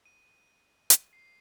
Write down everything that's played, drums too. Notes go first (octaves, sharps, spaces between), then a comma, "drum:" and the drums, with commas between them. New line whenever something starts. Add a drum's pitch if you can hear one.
D#7
drum: hi-hat
C7